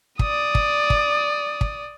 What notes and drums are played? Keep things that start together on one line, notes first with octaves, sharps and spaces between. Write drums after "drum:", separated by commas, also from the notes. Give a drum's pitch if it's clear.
D5 D#6, drum: kick
drum: kick
drum: kick
drum: kick